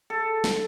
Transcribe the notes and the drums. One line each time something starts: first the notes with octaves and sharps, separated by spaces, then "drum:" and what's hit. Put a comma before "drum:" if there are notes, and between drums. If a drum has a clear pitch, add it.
A4
drum: snare